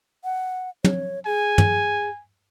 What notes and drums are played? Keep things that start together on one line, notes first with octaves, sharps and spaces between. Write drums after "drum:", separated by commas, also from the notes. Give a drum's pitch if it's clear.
F#5
C#5, drum: tom
G#4 G#5
drum: tom